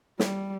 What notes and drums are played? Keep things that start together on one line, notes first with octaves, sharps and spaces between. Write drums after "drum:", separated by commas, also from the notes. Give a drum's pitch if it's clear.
G3, drum: snare